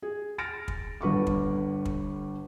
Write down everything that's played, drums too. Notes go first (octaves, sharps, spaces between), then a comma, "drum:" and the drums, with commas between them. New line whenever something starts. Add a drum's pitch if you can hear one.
G#4
F6 A6 A#6 D7
drum: kick
G1 D3 B4 C#6 D6
drum: kick
drum: kick